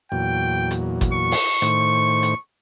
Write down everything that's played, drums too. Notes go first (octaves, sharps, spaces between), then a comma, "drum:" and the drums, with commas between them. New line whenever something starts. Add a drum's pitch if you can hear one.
E2 A#2 F#3 G5
drum: hi-hat
drum: kick G#1, hi-hat
C#6
drum: open hi-hat
A2 D#3 C5, drum: hi-hat
drum: hi-hat